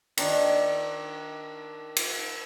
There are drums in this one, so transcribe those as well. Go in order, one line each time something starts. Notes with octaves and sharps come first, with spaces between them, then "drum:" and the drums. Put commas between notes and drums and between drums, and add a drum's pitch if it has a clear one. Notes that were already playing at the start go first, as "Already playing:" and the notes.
D#3 D4, drum: cymbal
drum: cymbal